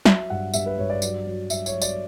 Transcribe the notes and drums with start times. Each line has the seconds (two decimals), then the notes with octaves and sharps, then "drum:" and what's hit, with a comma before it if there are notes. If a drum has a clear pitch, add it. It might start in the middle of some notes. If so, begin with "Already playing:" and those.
0.06 F#3 E5, drum: snare
0.30 G2 F#5
0.54 G2 E5, drum: tambourine
0.66 B4
0.78 G2 C#5
0.90 D5
1.02 F#3, drum: tambourine
1.26 F#3
1.50 G2 E5, drum: tambourine
1.66 C#5, drum: tambourine
1.73 F#3
1.82 D5, drum: tambourine